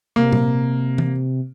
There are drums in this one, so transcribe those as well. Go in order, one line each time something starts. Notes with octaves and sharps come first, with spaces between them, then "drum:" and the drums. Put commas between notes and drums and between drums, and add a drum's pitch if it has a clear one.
C3 A#3
drum: tom A#2
drum: tom